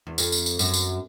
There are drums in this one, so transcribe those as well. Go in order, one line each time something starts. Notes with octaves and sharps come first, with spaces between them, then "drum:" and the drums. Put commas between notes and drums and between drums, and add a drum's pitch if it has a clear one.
E2
F2, drum: tambourine
drum: tambourine
drum: tambourine
F#2, drum: tambourine
drum: tambourine